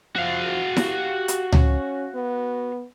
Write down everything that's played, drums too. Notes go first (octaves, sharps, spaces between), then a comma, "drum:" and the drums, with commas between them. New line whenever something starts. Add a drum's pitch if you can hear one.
F3 F#4 F5
G4, drum: snare E4
drum: hi-hat
C#4, drum: tom C#2
B3